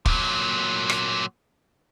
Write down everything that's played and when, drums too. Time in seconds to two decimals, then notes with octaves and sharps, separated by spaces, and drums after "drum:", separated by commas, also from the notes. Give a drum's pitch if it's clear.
0.06 A#2 F#3, drum: kick
0.90 drum: rim click